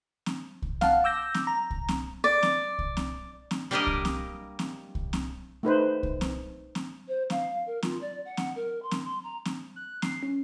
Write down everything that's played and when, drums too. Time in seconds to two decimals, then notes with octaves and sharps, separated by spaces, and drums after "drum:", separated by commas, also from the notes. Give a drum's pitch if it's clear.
0.26 drum: snare C4
0.62 drum: kick C2
0.81 F5 F#5 A5, drum: snare C4
1.04 D6 E6 G6 A#6
1.34 drum: snare C4
1.47 A#5
1.70 drum: kick C2
1.88 drum: snare C4
2.24 D5
2.43 drum: snare C4
2.79 drum: kick C2
2.97 drum: snare C4
3.51 drum: snare C4
3.71 G3 A#3 D4 G4 A#4 D#5
3.87 drum: kick C2
4.05 drum: snare C4
4.59 drum: snare C4
4.95 drum: kick C2
5.13 drum: snare C4
5.63 A3 D#4 B4 C5
6.03 drum: kick C2
6.21 drum: snare C4
6.75 drum: snare C4
7.08 C5
7.30 F5, drum: snare C4
7.66 A#4
7.83 F4, drum: snare C4
8.01 D5
8.25 F#5
8.37 drum: snare C4
8.55 A#4
8.82 C6
8.91 drum: snare C4
9.02 C6
9.23 A#5
9.45 drum: snare C4
9.76 F#6
10.02 C7, drum: snare C4
10.23 C#4